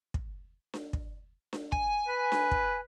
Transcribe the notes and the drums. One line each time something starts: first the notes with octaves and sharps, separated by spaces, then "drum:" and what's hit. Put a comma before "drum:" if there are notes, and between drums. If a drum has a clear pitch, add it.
drum: kick
drum: snare D4
drum: kick
drum: snare D4
G#5, drum: kick
B4
drum: snare D4
drum: kick